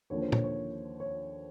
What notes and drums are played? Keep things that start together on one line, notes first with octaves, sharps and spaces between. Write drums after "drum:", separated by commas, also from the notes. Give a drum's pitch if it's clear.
D#2 D3 F3 A#3 C#5
C5
C#5, drum: tom
C#5
C#5